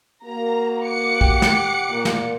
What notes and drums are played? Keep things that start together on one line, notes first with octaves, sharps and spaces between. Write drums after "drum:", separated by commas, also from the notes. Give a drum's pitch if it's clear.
A#3 F#4 A#5
F#5 D6 C#7
G4, drum: kick
drum: snare
A#2
drum: snare